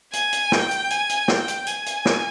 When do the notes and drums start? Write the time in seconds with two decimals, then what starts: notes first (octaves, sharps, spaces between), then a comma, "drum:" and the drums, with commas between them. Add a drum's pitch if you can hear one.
0.13 G#5, drum: hi-hat
0.33 drum: hi-hat
0.52 G5, drum: snare
0.71 drum: hi-hat
0.90 G#5, drum: hi-hat
1.09 drum: hi-hat
1.28 G5, drum: snare
1.48 drum: hi-hat
1.67 G#5, drum: hi-hat
1.86 drum: hi-hat
2.05 drum: snare